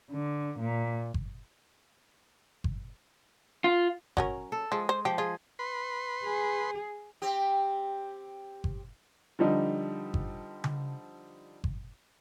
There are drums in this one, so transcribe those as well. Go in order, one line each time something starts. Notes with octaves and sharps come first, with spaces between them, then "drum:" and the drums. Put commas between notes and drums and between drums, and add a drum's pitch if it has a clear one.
D3
A#2
drum: kick G1
drum: kick G1
F4
F#3 C#4 A#4, drum: kick G1
A4
F3 G#3
C5
F3 G4
F4 G#4
B4 C6
G#4
C4 G4
drum: kick G1
D3 F3 G3 D#4
drum: kick G1
drum: tom C#3
drum: kick G1